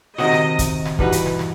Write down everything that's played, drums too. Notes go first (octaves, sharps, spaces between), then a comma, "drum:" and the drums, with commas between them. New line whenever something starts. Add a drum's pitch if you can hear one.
C3 D#3 F#3 C4 F#4 D#5, drum: snare
drum: snare
drum: kick, hi-hat
drum: snare
G2 E3 G3 D#4 F#4 B4, drum: kick
drum: hi-hat
drum: snare
drum: snare